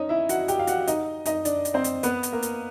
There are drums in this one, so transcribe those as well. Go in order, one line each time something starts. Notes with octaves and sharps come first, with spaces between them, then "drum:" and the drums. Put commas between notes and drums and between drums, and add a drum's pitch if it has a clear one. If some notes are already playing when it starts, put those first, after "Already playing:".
Already playing: C#4 D#4 C#5 D#5
E4 E5
F#4 F#5, drum: hi-hat
G4 G5, drum: hi-hat
F5
F#4 F#5, drum: hi-hat
D#4 D#5, drum: hi-hat
D#4 D#5, drum: hi-hat
D4 D5, drum: hi-hat
drum: hi-hat
C4 C5
drum: hi-hat
B3 B4, drum: hi-hat
drum: hi-hat
A#3 A#4
drum: hi-hat